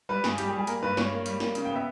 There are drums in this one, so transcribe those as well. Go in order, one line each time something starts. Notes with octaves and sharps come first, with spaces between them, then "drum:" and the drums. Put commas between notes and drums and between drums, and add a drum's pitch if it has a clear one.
G3 B4
G2 G#4, drum: snare
G3 G4, drum: hi-hat
G#4
G3
G#4
A#3 A#4, drum: hi-hat
G2 B4
G2 C#5, drum: snare
A#3
G3, drum: hi-hat
A#3, drum: snare
C#3, drum: hi-hat
G5
B3
E5